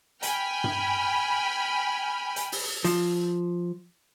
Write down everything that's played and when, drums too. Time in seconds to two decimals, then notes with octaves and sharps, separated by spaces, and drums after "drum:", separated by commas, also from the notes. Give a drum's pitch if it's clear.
0.23 G5 G#5 B5 F6, drum: hi-hat
0.64 drum: tom G2
2.36 drum: hi-hat
2.52 drum: open hi-hat
2.84 F3, drum: hi-hat